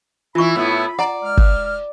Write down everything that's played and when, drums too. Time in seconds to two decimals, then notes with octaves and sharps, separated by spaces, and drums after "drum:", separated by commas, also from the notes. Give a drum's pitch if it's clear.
0.35 E3 E4 F4 B5 C#6
0.56 A2 B3 E4
0.99 D5 F#5 A#5
1.22 G#3 F6
1.37 drum: kick